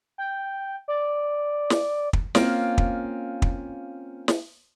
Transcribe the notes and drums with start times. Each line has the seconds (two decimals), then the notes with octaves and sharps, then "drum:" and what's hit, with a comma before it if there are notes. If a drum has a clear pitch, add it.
0.18 G5
0.88 D5
1.70 drum: snare
2.13 drum: kick
2.35 A#3 C4 C#4 F4 F5, drum: snare
2.78 drum: kick
3.42 drum: kick
4.28 drum: snare